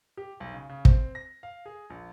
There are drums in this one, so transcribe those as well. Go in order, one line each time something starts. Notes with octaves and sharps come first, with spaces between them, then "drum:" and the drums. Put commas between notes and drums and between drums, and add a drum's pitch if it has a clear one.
G4
B1
C#3
C#3
C4, drum: kick
A#6
F5
G#4
A#1